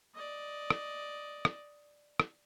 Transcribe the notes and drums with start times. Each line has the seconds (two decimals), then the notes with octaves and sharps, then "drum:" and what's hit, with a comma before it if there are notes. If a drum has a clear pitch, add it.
0.15 D5 D#5
0.70 drum: rim click
1.45 drum: rim click
2.20 drum: rim click